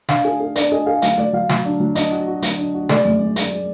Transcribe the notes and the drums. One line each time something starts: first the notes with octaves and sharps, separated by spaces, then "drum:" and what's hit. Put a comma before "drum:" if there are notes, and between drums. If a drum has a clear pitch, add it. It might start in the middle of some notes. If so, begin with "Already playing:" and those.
D4 F5, drum: snare
G#4
G#4
D4 D5, drum: hi-hat
G#4 D#5
G#4 F5
F#3 F5, drum: hi-hat
F#3 D5
F#3 F5
F#3, drum: snare
D4
F#3
D4 D#5, drum: hi-hat
F#4
F#4
F#3, drum: hi-hat
D4
F#4
G#3 D5, drum: snare
F#2
F#2
G#3, drum: hi-hat
G#3